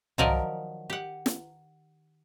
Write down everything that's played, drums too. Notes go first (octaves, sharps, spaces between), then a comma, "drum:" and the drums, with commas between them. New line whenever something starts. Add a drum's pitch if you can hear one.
D#3 F3 F#3 A#4 D5 D#5, drum: tom C2
G4 F#5
drum: snare